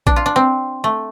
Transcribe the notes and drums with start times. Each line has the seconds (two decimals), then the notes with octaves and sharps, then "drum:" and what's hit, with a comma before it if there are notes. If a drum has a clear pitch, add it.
0.07 D4, drum: kick A#1
0.16 F4
0.26 D4
0.36 C4
0.84 A3